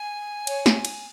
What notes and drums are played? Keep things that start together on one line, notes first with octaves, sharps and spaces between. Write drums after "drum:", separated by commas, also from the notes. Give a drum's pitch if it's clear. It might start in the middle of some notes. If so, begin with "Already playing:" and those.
Already playing: G#5
C#5, drum: cymbal
drum: snare
drum: cymbal